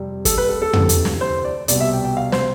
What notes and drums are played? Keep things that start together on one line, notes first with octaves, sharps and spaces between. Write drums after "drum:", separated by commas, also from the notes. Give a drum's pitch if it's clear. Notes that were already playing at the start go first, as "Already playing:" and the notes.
Already playing: F2 C3 G3
A4, drum: kick, hi-hat
B4
A4
A4
D2 C3 E3, drum: tom
drum: hi-hat
drum: snare
C5
D5
C2 B2 G3 D5, drum: hi-hat
E5
G5
G5
F5
C5, drum: snare